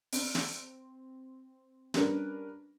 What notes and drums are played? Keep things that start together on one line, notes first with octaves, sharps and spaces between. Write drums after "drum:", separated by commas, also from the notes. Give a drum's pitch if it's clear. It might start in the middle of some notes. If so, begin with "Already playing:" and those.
C4, drum: open hi-hat
drum: snare
G3 C#4 D4 A#4 B4, drum: snare